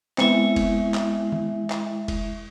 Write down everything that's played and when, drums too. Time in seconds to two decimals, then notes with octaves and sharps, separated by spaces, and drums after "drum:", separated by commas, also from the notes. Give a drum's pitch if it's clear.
0.18 G#3 B3 C4 E4 E5, drum: clap
0.56 drum: kick F1, cymbal
0.94 drum: clap
1.32 drum: tom D#3
1.70 drum: clap
2.08 drum: kick F1, cymbal